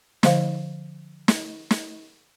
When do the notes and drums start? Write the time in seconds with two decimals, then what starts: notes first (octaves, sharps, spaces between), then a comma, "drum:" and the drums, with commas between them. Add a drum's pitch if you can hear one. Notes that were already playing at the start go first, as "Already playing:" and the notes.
0.23 D3 F3 C5 F5, drum: snare
1.28 drum: snare
1.71 drum: snare